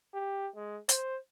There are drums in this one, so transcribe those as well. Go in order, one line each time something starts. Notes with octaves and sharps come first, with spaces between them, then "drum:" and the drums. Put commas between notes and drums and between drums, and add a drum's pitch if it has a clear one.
G4
G#3
C5, drum: hi-hat